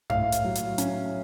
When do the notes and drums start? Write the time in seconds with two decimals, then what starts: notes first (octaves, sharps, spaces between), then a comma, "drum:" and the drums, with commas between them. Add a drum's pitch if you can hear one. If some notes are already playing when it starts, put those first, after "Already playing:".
0.10 A2 F5, drum: tom F#2
0.32 drum: hi-hat
0.44 F#3
0.55 drum: hi-hat
0.78 C#4, drum: hi-hat